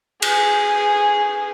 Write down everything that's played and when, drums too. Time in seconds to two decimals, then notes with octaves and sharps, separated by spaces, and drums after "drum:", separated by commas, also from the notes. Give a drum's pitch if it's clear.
0.22 G#4, drum: cymbal